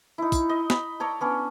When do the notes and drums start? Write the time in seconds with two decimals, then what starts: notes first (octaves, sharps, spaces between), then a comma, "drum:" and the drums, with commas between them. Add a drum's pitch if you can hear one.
0.18 D#4 E4
0.32 drum: kick, tambourine
0.49 D#5
0.70 B5, drum: snare
1.00 A4 C#5 D5 A#5
1.21 B3 C#4 D4